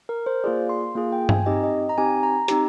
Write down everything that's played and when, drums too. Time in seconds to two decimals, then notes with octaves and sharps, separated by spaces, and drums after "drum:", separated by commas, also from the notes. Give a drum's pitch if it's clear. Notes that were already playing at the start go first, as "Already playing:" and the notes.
0.09 A#4
0.26 C5
0.44 A#3 F4 G#4 D5
0.69 C6
0.95 A#3 F4 G#4
1.12 G5
1.29 G#5, drum: tom G2
1.46 C4 D#4 G4 D#5
1.63 D#5
1.89 A#5
1.98 C4 D#4 G4 G#5
2.23 A#5
2.48 C4 D#4 G4 A#5, drum: hi-hat